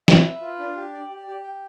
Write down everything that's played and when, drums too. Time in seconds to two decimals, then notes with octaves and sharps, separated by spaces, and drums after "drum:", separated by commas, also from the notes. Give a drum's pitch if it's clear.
0.08 E5, drum: snare
0.25 B4
0.41 F4
0.59 D4
0.76 G4
0.93 D5
1.10 G4
1.27 G4
1.43 G5